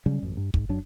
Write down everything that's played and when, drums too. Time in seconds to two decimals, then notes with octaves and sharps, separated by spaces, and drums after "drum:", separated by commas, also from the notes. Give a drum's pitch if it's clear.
0.06 C#3 F#3 G3 C#4
0.23 A1 F#2
0.37 G2
0.54 G#2, drum: kick
0.69 F#2 F#3 D4